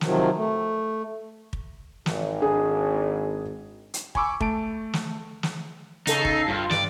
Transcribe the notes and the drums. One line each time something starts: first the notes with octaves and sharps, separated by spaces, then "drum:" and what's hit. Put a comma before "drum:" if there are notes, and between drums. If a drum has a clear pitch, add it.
C3 D#3 F3 F#3, drum: snare
A3
drum: kick
G#1, drum: snare
D4 G#4
drum: hi-hat
G#5 B5 C#6 D6 E6, drum: kick
A3 A5 D7, drum: kick
drum: snare
drum: snare
C#3 D#4 A4 C7, drum: hi-hat
drum: kick
G2 F4
G2 D5, drum: snare